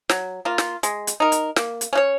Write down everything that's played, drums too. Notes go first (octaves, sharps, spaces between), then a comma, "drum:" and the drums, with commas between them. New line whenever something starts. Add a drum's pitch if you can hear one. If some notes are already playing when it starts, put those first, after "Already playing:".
F#3, drum: snare
A#3 F4
drum: snare
G#3, drum: hi-hat
drum: hi-hat
D#4 A#4
drum: hi-hat
A#3, drum: snare
drum: hi-hat
C#4 F#4 C#5